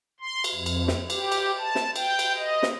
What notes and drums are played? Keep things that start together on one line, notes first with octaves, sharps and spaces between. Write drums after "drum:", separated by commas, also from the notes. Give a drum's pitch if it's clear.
C6
drum: cymbal
F2
drum: cymbal
drum: snare
G4, drum: cymbal
drum: cymbal
A5
drum: snare
G5, drum: cymbal
drum: cymbal
D#5
drum: snare